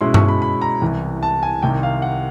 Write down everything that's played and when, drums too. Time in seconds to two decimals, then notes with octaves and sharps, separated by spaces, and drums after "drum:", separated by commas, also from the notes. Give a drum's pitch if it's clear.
0.01 B2 G#3 C#4 E4 C6
0.14 C#6, drum: tom G2
0.28 B5
0.42 B5
0.61 A#5
0.82 C2 C3 E3
1.23 A5
1.43 G#5
1.62 C2 C3 D#3 G5
1.83 F5
2.02 F#5